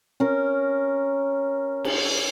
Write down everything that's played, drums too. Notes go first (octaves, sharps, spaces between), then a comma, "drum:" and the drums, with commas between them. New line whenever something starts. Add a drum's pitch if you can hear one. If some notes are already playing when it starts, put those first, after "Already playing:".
C#4 A#4
drum: cymbal